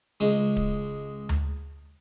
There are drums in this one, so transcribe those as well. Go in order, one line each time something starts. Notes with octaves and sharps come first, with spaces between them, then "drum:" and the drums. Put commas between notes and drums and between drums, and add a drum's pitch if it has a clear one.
C#2 G#3
drum: kick D1
drum: tom D2